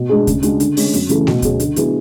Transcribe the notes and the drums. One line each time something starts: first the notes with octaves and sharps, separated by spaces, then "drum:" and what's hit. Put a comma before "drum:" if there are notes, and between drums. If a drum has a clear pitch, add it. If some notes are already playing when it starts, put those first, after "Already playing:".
Already playing: B2
G#3 D4 G#4
C#3, drum: kick D2, hi-hat
G#3 D4 F#4, drum: hi-hat
D3, drum: hi-hat
G#3 C#4, drum: open hi-hat
F#2, drum: hi-hat
C#3 E3 A3, drum: hi-hat
B2, drum: snare A3
F#3 C#4 G#4, drum: kick D2, hi-hat
D3, drum: hi-hat
F#3 B3 E4 G#4, drum: hi-hat